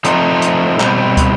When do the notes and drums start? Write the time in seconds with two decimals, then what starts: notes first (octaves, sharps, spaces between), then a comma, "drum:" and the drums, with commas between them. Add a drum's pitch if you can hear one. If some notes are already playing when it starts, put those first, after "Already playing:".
0.04 F3 A3 C4 D#4, drum: hi-hat
0.42 drum: hi-hat
0.80 B2 G3 C4, drum: clap
1.17 drum: kick, hi-hat